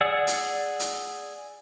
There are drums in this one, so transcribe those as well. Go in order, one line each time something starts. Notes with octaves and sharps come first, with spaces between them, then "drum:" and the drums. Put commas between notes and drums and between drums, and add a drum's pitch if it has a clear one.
G#4 D5 F#5 E6
drum: hi-hat
drum: hi-hat